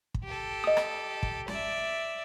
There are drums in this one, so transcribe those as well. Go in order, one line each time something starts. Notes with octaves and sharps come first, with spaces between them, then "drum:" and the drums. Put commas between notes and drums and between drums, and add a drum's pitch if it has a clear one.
drum: kick
G4 A4
D#5 D#6
drum: rim click
drum: kick
D5 E5, drum: snare